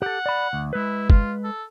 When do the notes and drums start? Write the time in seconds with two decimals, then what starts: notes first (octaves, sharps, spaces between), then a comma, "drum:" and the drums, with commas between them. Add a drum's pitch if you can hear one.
0.02 G4 A4 F#5
0.26 D5 B5
0.53 D2
0.73 G#3 E4 B4
1.10 F4, drum: kick
1.44 A4